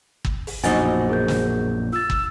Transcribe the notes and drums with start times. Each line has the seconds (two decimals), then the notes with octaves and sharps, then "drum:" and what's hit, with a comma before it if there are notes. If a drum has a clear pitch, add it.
0.25 drum: kick
0.47 drum: open hi-hat
0.64 A#1 F#2 B2 D#4 F#4 C5 G#5 A6, drum: hi-hat
1.09 G#4 A#4 G6
1.28 drum: snare
1.93 F4 E6 A6
2.10 drum: kick